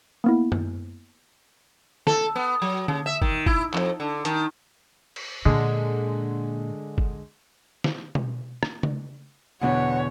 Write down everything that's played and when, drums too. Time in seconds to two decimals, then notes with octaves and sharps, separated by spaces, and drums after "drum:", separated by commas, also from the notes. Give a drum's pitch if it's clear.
0.24 A#3 B3 E4
0.52 drum: tom F#2
2.07 A4, drum: snare
2.36 B3
2.62 F#3
2.88 C#3, drum: tom D3
3.06 E5
3.22 D#3, drum: kick
3.46 E4, drum: kick
3.74 F2, drum: clap
4.00 D3
4.25 D#3, drum: hi-hat
5.16 drum: cymbal
5.45 A#2 D3 G#3
6.98 drum: kick
7.84 drum: snare
8.15 drum: tom B2
8.63 drum: rim click
8.83 drum: tom C#3
9.61 E2 B2 D3 C#5 F#5